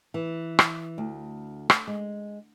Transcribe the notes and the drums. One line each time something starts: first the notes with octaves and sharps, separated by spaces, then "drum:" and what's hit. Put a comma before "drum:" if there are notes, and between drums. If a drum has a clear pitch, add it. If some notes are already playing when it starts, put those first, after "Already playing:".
E3
drum: rim click
D2
drum: rim click
G#3